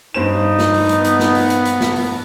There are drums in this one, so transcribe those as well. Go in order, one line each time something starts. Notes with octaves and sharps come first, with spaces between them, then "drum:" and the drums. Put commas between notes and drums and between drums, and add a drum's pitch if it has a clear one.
G2 D#4 C5 E7
drum: snare
drum: open hi-hat
B3, drum: hi-hat
drum: hi-hat
drum: snare
drum: open hi-hat
drum: hi-hat
drum: hi-hat
drum: snare
drum: open hi-hat